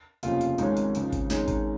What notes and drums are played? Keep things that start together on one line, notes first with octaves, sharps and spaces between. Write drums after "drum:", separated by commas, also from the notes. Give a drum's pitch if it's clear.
F1 D#2 C#3 F3 F4, drum: hi-hat
drum: hi-hat
G#1 G#2 G#3 C#4 D#4, drum: hi-hat
drum: hi-hat
C#2 C#3 F3, drum: hi-hat
drum: kick G#1, hi-hat
G#1 G#2 G#3 C#4 D#4, drum: snare
D#4, drum: kick G#1, hi-hat